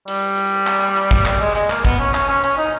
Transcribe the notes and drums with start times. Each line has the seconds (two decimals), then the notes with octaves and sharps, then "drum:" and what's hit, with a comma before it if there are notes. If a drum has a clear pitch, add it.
0.08 G3, drum: hi-hat
0.38 drum: hi-hat
0.67 drum: clap
0.96 drum: hi-hat
1.11 drum: kick
1.26 G3, drum: clap
1.40 G#3
1.55 G#3, drum: hi-hat
1.70 A#3, drum: clap
1.85 B3, drum: kick
1.99 C#4
2.14 C#4, drum: clap
2.28 C#4
2.44 C#4, drum: hi-hat
2.57 D#4